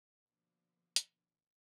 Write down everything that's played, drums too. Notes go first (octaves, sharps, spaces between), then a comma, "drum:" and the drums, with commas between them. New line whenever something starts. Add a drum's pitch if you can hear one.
B2 D3 F3 A#3
drum: hi-hat